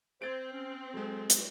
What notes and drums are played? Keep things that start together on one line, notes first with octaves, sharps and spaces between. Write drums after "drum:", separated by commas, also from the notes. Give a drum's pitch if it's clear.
C4 C5 G#6 A6 D7
C#4
F#3 G#3 A4
drum: hi-hat